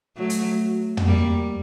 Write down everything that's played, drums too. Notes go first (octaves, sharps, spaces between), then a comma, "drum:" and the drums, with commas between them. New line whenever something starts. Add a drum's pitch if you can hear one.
F#3 A3
drum: hi-hat
drum: tom
G3 A#3